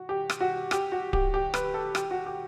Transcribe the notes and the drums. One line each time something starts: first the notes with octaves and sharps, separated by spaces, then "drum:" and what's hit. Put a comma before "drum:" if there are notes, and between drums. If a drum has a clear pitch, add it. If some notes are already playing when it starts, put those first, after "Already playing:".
Already playing: F#4
G4
drum: rim click
F#4
G4, drum: rim click
F#4
G4, drum: kick D1
G4
B4, drum: rim click
A4
G4, drum: rim click
F#4
G4